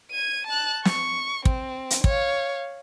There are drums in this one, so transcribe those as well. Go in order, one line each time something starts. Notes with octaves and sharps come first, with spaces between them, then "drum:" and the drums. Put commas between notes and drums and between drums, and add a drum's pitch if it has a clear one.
G#6 D#7
A5 F#6
C#6, drum: snare
C4, drum: kick
drum: hi-hat
C#5 F5, drum: kick